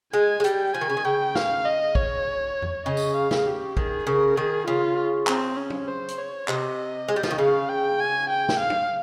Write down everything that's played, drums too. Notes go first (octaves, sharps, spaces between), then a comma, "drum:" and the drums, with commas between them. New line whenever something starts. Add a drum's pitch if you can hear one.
G#3 G#5
G#3
G3 G5, drum: hi-hat
F3 G#5
D#3
C#3
D#3
C#3 G5
F5, drum: snare
D#5
C#5, drum: kick
drum: tom F2
C#3 D#5
drum: tambourine
F5
C#3, drum: snare
G4
D#3 G#4, drum: kick
C#3 A#4
D#3 G#4
C#3 F4
C4, drum: clap
C#4
drum: tom
C5
drum: hi-hat
C#5
C3 D#5, drum: clap
G#3
G3
F3, drum: snare
D#3
C#3 F5
G5
G#5
G5
drum: snare
F5
drum: tom